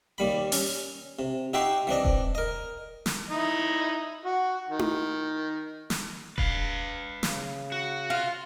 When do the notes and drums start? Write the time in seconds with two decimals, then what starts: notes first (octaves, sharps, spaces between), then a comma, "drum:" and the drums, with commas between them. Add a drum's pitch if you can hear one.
0.18 D#2 G3 B5
0.52 C#4, drum: open hi-hat
1.19 C3
1.53 D#4 F#4 G4 E5 G5 C6
1.87 E3 C4 D4 D#5
2.05 drum: kick E1
2.35 A#4 D#5
3.06 drum: snare
3.30 D#4 E4 D#5
4.25 F#4
4.68 D#3
4.79 drum: tom E4
5.90 drum: snare
6.38 B4 F5, drum: kick E1
7.23 C#3, drum: snare
7.72 F#4
8.10 F4